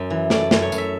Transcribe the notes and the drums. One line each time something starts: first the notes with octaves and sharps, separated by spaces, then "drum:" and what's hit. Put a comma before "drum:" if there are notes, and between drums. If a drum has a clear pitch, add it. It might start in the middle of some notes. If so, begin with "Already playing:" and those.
Already playing: F#2
E3
A3 D5, drum: snare
F#2, drum: snare
C#5
F#2, drum: tambourine
E5